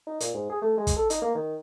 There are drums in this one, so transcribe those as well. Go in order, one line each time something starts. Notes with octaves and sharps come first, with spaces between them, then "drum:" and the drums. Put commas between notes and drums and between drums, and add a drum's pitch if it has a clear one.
D#4
A#2, drum: hi-hat
G#2
G#4
A3
G#3
drum: kick, hi-hat
A4
D#4, drum: hi-hat
A#3
D#3